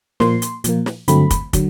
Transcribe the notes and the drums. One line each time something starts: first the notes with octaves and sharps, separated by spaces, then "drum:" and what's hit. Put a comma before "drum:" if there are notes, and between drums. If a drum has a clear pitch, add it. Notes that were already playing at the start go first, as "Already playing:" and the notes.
A#2 F3 A#3 C6, drum: snare
drum: hi-hat
A#2 F3 A#3, drum: hi-hat
drum: snare
G2 D3 F#3 A3 C4 B5, drum: hi-hat
drum: kick, hi-hat
D3 F#3, drum: kick, hi-hat